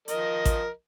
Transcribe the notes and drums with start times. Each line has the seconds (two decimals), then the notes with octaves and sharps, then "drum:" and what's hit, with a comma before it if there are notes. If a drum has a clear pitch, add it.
0.08 F3 A#4 D#5, drum: hi-hat
0.45 drum: kick A1, hi-hat